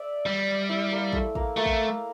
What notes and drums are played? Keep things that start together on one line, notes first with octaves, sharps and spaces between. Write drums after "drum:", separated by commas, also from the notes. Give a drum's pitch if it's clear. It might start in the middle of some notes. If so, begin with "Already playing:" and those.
Already playing: D5 E5
G3
E4
A#3
A3, drum: kick
A#3, drum: kick
A3 A#3
drum: kick